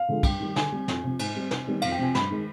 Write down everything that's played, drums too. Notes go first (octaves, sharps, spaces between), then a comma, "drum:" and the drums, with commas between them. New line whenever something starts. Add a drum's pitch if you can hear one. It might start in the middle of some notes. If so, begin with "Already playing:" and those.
Already playing: F5
D3 F3 G#3
G2 G5, drum: kick, cymbal
D#3 G3
D3 G#5, drum: snare
G3 C4
F2, drum: snare
C3 F3
G#2 G#5, drum: cymbal
G3 C4
C3, drum: snare
D#3 G3 B3
F2 F5, drum: cymbal
G5
C3 F3 C4 G#5
G2 B5, drum: snare
D#3 G#3